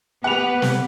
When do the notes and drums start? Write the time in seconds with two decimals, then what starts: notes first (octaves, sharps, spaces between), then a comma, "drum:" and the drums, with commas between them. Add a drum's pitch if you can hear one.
0.24 B3 G4 B4 F#5 F7
0.62 drum: snare